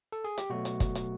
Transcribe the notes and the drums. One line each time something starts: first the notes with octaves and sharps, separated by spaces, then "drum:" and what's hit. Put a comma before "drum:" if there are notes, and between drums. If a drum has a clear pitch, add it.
A4
G#4
G4, drum: hi-hat
B2 F#3 A3 F#4
drum: hi-hat
drum: kick, hi-hat
drum: hi-hat